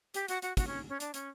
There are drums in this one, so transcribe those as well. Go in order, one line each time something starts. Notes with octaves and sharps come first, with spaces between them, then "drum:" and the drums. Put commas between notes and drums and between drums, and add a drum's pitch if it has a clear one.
G4, drum: hi-hat
F#4, drum: hi-hat
F#4, drum: hi-hat
F#4, drum: kick, hi-hat
C#4
C#4
D4, drum: hi-hat
C#4, drum: hi-hat